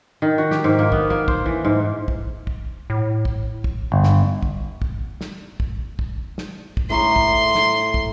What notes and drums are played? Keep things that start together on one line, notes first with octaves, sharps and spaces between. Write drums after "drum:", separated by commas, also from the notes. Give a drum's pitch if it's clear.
D#3
F#4
G4, drum: snare
G#2
A#3
B3, drum: kick
A#3
C5, drum: kick
E3
G#2
drum: kick
drum: kick
A2
drum: kick
drum: kick
G1
drum: snare
drum: kick
drum: kick
drum: snare
drum: kick
drum: kick
drum: snare
drum: kick
A2 A#5 C6 C#6
drum: kick
drum: snare
drum: kick